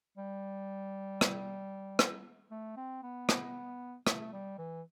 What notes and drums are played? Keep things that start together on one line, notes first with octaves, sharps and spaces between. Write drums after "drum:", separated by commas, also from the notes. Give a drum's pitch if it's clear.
G3
drum: rim click
drum: rim click
A3
C4
B3
drum: rim click
A3, drum: rim click
G3
E3